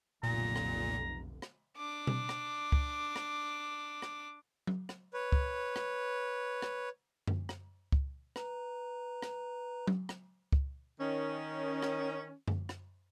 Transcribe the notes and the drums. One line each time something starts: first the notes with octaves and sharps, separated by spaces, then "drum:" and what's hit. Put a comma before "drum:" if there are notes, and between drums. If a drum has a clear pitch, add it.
F1 B1 A#2 D3 A#5
drum: rim click
drum: rim click
D4 D6
drum: tom B2
drum: rim click
drum: kick
drum: rim click
drum: rim click
drum: tom F#3
drum: rim click
B4 C#5
drum: kick
drum: rim click
drum: rim click
drum: tom F#2
drum: rim click
drum: kick
B4 A#5, drum: rim click
drum: rim click
drum: tom F#3
drum: rim click
drum: kick
D#3 C#4
drum: rim click
drum: tom F#2
drum: rim click